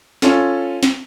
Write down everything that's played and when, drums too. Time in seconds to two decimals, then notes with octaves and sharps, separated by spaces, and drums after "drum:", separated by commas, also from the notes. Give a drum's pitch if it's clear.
0.22 C#4 F4 A4, drum: snare
0.83 drum: snare